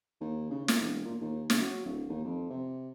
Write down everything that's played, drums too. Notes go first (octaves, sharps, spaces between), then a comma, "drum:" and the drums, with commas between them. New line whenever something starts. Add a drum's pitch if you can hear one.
D#2
C#3
A#2, drum: snare
E1
A#2
D#2
C#3, drum: snare
F#3
D1
D#2
F2
C3